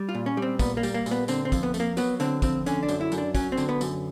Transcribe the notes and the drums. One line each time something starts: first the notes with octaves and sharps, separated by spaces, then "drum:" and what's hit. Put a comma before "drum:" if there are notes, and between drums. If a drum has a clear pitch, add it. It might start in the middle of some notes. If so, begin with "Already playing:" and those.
Already playing: G3
F4
A#2
C#4
G3
C4
A#2 B3, drum: kick, tambourine
A#3
G3, drum: tambourine
A#3
A#2, drum: tambourine
B3
D3 C4, drum: tambourine
C4
F2, drum: kick, tambourine
B3
A3, drum: tambourine
A#3
F#3 B3, drum: tambourine
D3 C4, drum: tambourine
F2 C4, drum: kick, tambourine
D3 C#4, drum: tambourine
D4
F#2, drum: tambourine
E4
F#2, drum: tambourine
D4
F#3 C#4, drum: kick, tambourine
C4
D3, drum: tambourine
B3
F#2, drum: tambourine